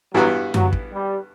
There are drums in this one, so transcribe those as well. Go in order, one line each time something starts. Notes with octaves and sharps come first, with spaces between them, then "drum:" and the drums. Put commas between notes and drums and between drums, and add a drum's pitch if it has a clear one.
G2 E3 F#3 G3 B3 F#4
F#3, drum: tom F#2
drum: kick
G3